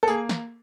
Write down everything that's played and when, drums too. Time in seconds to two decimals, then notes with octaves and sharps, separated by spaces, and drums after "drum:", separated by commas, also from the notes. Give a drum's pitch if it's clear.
0.03 A4
0.07 A#3 G#4, drum: tambourine
0.29 drum: snare